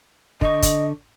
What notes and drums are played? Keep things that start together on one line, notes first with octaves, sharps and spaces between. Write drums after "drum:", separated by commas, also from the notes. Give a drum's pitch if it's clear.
D3 D#5 C#6, drum: kick
drum: kick, hi-hat